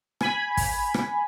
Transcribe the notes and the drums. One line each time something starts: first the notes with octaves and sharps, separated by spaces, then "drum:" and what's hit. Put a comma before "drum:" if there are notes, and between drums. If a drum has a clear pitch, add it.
G#5 B5, drum: rim click
drum: kick, open hi-hat
drum: rim click